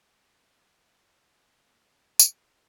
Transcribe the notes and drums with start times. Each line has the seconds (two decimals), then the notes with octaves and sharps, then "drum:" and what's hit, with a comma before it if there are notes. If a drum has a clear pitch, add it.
1.05 C#5
1.27 F#5
1.57 F5
1.72 A#3
1.90 C4
2.20 E4, drum: tambourine
2.37 D#5